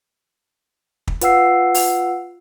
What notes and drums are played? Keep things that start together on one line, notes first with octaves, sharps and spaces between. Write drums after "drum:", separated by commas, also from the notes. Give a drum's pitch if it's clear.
drum: kick
F4 B4 F5 F#5 E6 C7, drum: hi-hat
drum: open hi-hat